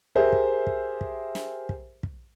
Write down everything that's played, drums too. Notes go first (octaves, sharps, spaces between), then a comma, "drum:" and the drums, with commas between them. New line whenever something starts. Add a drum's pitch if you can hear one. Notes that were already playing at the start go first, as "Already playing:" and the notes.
G4 G#4 A#4 C5 E5
drum: kick
drum: kick
drum: kick
drum: snare
drum: kick
drum: kick